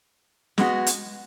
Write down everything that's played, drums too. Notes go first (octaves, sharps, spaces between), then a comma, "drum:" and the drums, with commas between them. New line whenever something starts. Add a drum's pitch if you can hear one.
G#3 B3 F#4, drum: snare
drum: hi-hat